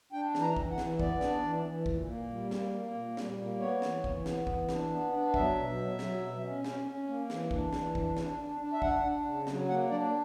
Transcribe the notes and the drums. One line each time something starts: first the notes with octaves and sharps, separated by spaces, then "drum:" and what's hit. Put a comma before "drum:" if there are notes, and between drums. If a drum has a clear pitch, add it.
D4 G5
E3, drum: snare
A#5
E3, drum: kick
F#5
E3, drum: snare
B3 D5, drum: kick
D4, drum: snare
E3
E3
A#2, drum: kick
A#3
G3
A#3, drum: snare
A#3
A#2
G3, drum: snare
A#3
B3 C#5
E3, drum: snare
E3, drum: kick
B3, drum: snare
E3, drum: kick
D4, drum: snare
B3
D4
F#3 E5, drum: kick
B2
F#3
F#3, drum: snare
B2
C#4
C#4, drum: snare
C#4
A#3
E3, drum: snare
D4, drum: kick
E3, drum: snare
D4, drum: kick
D4, drum: snare
D4
D4
E5
D4 F#5, drum: kick
D4
C#3
F#3, drum: snare
A#3 F#5
D4 D5